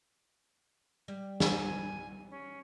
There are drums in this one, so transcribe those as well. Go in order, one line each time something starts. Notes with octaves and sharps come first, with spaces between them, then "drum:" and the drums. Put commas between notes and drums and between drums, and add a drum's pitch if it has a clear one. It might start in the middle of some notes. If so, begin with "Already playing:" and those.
G3
G#5, drum: snare
C#4